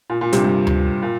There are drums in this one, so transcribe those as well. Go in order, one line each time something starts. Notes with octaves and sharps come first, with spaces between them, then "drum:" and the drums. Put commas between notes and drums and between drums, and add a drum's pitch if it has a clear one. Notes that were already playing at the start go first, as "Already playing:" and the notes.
A#2
A#2
G2 C3, drum: hi-hat
G2
drum: tom D2
A#2